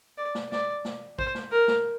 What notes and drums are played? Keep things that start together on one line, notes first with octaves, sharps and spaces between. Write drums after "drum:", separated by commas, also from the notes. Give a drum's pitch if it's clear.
D5
drum: snare
D5, drum: snare
drum: snare
C5, drum: kick
drum: snare
A#4
drum: snare